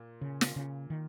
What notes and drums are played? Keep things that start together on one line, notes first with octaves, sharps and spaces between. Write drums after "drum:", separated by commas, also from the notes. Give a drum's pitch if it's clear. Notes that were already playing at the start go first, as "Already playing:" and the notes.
Already playing: A#2
C#3
drum: snare
C#3
D#3